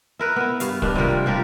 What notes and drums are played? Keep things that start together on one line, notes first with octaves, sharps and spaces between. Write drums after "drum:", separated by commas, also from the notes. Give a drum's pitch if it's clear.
E4 A#4 B4
B3 E4
G2 F5, drum: hi-hat
G2 D#3 D4, drum: kick
C3 F3 G3 A#4
F3 G3 G4 A#4